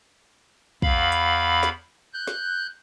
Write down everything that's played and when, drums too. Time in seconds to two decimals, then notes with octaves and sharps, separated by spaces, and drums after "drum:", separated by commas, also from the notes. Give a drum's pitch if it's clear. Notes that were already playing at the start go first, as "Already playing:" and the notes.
0.82 E2 F5 B5, drum: kick
1.12 drum: hi-hat
1.63 drum: snare
2.14 F#6 G6
2.27 drum: snare